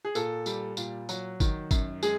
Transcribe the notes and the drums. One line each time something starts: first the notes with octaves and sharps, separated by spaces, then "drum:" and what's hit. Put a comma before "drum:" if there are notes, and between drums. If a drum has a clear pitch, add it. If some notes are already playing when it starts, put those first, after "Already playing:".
G#4
A#2 A4, drum: tambourine
G3, drum: tambourine
A#2, drum: tambourine
F#3, drum: tambourine
D#3, drum: kick, tambourine
F#2, drum: kick, tambourine
G#3 G#4, drum: tambourine